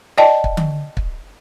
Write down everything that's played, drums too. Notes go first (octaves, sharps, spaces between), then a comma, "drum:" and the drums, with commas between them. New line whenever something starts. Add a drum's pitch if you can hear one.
D5 D#5 G5 A5
drum: kick
drum: tom D3
drum: kick